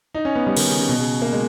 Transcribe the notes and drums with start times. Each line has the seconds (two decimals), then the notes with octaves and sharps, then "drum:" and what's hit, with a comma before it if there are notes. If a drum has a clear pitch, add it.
0.14 D#4
0.25 C#4
0.35 B3
0.47 G3
0.57 D#3, drum: cymbal
0.68 C#3
0.79 C#3
0.89 B2
0.99 C#3
1.22 A#3
1.33 G#3